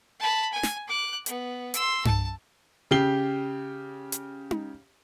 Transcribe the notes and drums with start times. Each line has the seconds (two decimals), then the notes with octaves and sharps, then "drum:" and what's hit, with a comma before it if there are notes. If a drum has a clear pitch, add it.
0.19 A5 B5
0.52 G#5
0.63 drum: snare
0.87 D6 F#6
1.26 B3, drum: hi-hat
1.74 C6 E6, drum: hi-hat
2.05 A5, drum: tom G2
2.91 C#3 G4 C7 G7
4.12 drum: hi-hat
4.51 drum: tom D#4